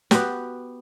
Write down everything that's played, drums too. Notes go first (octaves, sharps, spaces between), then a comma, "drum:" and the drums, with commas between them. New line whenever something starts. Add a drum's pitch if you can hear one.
B3 F#4 G4, drum: snare